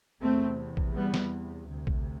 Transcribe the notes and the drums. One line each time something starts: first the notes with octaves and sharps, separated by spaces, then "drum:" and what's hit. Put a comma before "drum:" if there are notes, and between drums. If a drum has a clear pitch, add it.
E2 C3 A3 C4
drum: kick A#1
G3 B3
drum: snare
D2 C3
drum: kick A#1